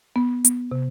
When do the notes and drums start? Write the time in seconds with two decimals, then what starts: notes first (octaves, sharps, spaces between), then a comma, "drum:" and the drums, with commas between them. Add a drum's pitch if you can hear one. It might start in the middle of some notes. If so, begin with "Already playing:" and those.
0.16 B3
0.45 B3, drum: hi-hat
0.72 C3